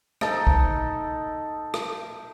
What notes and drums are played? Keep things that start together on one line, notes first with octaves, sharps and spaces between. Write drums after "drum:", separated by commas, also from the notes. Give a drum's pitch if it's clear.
D#4 A4 A5, drum: rim click
drum: kick
drum: rim click